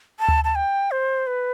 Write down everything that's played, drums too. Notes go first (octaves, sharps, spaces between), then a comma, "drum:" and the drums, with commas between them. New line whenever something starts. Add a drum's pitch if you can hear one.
A5
drum: tom D2
A5
G5
C5
B4